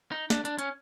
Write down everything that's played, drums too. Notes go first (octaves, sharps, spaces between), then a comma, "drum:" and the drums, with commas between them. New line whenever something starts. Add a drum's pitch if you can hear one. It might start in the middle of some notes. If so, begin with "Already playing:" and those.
D#4
D4, drum: snare
D4, drum: hi-hat
C#4, drum: hi-hat